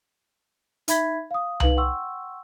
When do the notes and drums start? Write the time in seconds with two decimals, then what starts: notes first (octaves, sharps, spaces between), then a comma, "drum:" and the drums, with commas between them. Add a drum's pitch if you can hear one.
0.88 D#4 E5 B5 G#6 B6, drum: hi-hat
1.31 F5 D#6
1.60 D#4 B4 F5 F#7, drum: tom C2
1.77 F#5 G5 C6 C#6 E6